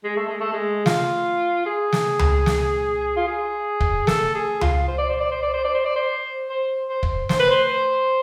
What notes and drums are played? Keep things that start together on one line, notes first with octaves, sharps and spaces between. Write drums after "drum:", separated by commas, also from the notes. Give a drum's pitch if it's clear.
G#3
A3
G#3
A3
G#3
F4, drum: snare
G#4
drum: snare
drum: tom C#2
drum: snare
F4
G#4
drum: kick
A4, drum: snare
G#4
F4, drum: tom C#2
C5
D5
C5
D5
C5
D5
C5
D5
C5
D5
C5
C5
C5
drum: kick
C5, drum: snare
B4
C5